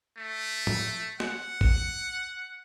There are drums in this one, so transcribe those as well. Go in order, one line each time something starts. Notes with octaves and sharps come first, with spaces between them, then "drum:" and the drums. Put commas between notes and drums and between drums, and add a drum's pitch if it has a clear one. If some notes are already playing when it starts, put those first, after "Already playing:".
A3
drum: tom
F#5, drum: snare
drum: kick